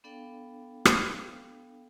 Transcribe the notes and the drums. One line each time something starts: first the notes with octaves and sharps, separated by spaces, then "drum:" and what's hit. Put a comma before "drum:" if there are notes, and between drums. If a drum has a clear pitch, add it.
B3 D4 A4 D5 F5 G5
drum: rim click